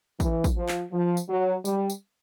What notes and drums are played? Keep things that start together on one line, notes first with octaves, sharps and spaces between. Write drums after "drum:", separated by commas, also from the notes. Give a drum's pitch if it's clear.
E3, drum: kick, tambourine
drum: kick, tambourine
F3
drum: clap
F3
drum: tambourine
F#3
G3, drum: tambourine
drum: tambourine